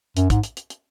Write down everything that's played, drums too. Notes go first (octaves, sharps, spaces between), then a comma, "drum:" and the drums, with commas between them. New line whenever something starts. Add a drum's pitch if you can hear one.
F#2, drum: hi-hat
G#2, drum: kick, hi-hat
drum: hi-hat
drum: hi-hat
drum: hi-hat